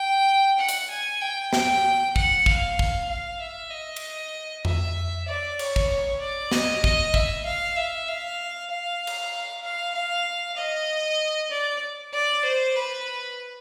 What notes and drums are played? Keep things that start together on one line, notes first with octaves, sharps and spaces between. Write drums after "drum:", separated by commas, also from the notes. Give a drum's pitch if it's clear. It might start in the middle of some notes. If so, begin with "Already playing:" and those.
Already playing: G5
F#5
drum: hi-hat
G#5
G5
G5, drum: snare
F#5, drum: kick
F5, drum: kick
drum: kick
F5
E5
D#5
drum: cymbal
E5, drum: tom F2
D5
C#5, drum: cymbal
drum: kick
D5
D#5, drum: snare
D#5, drum: kick
E5, drum: kick
F5
E5
F5
F5
drum: cymbal
F5
F5
D#5
D5
D5
C5
B4